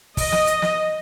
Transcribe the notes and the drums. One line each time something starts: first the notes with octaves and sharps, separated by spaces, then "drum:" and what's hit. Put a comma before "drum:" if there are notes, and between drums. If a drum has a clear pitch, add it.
D#5, drum: kick, open hi-hat
drum: snare
drum: hi-hat
drum: snare